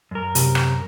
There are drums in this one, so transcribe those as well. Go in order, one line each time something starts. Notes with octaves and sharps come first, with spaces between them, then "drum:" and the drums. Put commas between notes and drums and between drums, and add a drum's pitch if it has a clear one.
F#2 A#4
C3, drum: hi-hat
drum: rim click